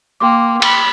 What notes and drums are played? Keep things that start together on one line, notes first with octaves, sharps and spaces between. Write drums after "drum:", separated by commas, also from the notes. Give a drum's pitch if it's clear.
A#3 G5 C6 D6
B5, drum: cymbal